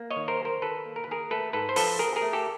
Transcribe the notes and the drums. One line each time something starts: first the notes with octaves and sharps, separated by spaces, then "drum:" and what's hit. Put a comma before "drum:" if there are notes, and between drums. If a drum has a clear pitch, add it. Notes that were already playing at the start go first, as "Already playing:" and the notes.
Already playing: A#3
C#5 D#5
D#3
A#4 C5
F#3
A#4 C5
D#3 A4 B4
A#3
A#4
B4
D#3 G#4 A#4
A3 A4 B4
G#2 A4 B4
C5
F3 A4 B4, drum: open hi-hat
C4 G#4 A#4
G#4 A#4
A3
G4 A4